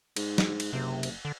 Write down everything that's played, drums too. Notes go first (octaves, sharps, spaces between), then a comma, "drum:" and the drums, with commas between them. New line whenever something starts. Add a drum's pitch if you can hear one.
G#2, drum: cymbal
drum: snare
drum: cymbal
F#1 C3
drum: cymbal
D3